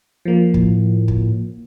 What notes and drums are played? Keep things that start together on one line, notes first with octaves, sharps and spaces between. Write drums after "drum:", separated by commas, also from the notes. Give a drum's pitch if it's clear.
F3 A#3
A2, drum: kick
drum: kick